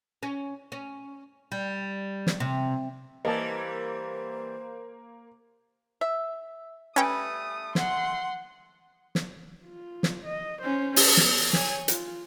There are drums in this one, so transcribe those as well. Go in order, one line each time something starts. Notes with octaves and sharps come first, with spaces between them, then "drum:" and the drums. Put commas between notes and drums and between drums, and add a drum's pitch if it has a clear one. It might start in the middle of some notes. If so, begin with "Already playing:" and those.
C#4
C#4
G3
drum: snare
C3
E3 G3 A#3 C5 D#5 A5
E5
G3 A3 C#4 B4 G5 D#6
F#5 C6, drum: snare
drum: snare
F4
drum: snare
D#5
C#4 C5
drum: open hi-hat
B3, drum: snare
C#5 G#5, drum: snare
F4, drum: hi-hat